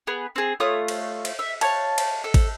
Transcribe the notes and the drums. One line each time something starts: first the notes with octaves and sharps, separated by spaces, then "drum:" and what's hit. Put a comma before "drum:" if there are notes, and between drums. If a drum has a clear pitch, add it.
B3 G#4
C4 G#4
A3 F4 C#5 D#6
drum: cymbal
drum: cymbal
E5
C#5 F5 A5, drum: cymbal
drum: cymbal
A4
drum: kick, cymbal